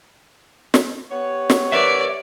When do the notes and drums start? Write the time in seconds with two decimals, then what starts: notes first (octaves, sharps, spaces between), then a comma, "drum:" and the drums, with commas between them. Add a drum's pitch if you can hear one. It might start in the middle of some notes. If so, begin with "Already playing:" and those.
0.74 drum: snare
1.12 B3 G4 C#5
1.50 drum: snare
1.72 A#4 B4 D5 E5